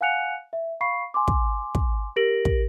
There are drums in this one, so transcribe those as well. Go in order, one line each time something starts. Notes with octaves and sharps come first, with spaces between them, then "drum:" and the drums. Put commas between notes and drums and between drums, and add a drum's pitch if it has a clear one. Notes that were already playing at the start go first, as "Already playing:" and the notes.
F5 F#5 G#5 F#6 C#7 F7
E5
F5 B5 C#6 C7
G#5 C6 D6
drum: kick
drum: kick
G4 A#4 A#6 D7 F#7
drum: kick